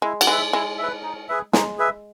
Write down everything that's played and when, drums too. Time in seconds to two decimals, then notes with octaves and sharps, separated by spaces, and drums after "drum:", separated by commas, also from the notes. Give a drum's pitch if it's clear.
0.02 G#3 E4
0.21 F#3, drum: cymbal
0.27 G#3 B4 E5
0.53 G#3 E4
0.78 B4 E5
1.03 D#4
1.29 G#4 B4 E5
1.53 G#3 D#4, drum: snare
1.78 G#4 B4 E5